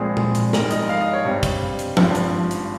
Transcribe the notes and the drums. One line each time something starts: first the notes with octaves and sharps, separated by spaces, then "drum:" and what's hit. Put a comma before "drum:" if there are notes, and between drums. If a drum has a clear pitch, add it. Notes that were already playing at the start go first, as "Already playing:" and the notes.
Already playing: A#1 A#2 G#3 C4 G#4
drum: tom A#2
drum: hi-hat
A#1 G#2 G3 A#4, drum: snare
D#5, drum: hi-hat
F5
D#5
C#5
G2 G3 C4
drum: kick, hi-hat
drum: hi-hat
G#1 G2 F3, drum: tom F3
drum: hi-hat
drum: hi-hat